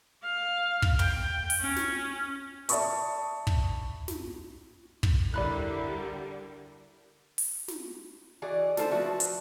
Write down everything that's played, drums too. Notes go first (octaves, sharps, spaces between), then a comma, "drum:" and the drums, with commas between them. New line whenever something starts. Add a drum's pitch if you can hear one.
F5
drum: kick
G5, drum: tom
drum: open hi-hat
C#4
drum: snare
D5 E5 A5 B5 C#6 D#6, drum: hi-hat
drum: kick
drum: snare
drum: kick
D3 G3 E4 A#4 D5 B5 F#6
drum: open hi-hat
drum: snare
E3 F#4 G#4 D5 D#5
A3 E4 A4 C5 F5 A5, drum: snare
F3 F#4 B4 D5 E5
drum: hi-hat